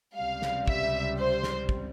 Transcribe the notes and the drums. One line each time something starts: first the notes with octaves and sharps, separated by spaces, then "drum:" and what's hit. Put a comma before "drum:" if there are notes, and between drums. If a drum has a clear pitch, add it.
C#2 C3 G3 F5
drum: snare
E5, drum: kick
C5
drum: snare
drum: kick